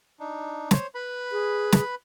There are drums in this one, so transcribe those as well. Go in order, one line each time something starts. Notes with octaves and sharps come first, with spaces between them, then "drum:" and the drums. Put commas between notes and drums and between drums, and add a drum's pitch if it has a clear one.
D4 D#4
C5 C#5, drum: snare
B4 B5
G#4
drum: snare